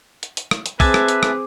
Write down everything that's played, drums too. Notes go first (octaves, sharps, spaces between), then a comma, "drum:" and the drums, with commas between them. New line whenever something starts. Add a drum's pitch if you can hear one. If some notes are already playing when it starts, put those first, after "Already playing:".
drum: hi-hat
drum: hi-hat
drum: rim click
drum: hi-hat
C4 G#4 B4 E5 G#5 A5 D6, drum: kick, open hi-hat
drum: rim click
drum: hi-hat
drum: rim click